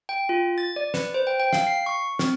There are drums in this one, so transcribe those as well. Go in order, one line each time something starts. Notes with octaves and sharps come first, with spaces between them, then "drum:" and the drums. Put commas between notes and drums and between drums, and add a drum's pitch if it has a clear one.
G5
F4
A6
D5
B4, drum: snare
C5
G5
G5
F5, drum: snare
C7
C#6
C4, drum: snare